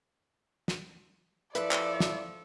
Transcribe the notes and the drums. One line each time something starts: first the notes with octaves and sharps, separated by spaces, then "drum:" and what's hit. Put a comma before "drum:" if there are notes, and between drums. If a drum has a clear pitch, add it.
drum: snare
F3 E4 A4 B4 D5, drum: hi-hat
drum: clap
drum: snare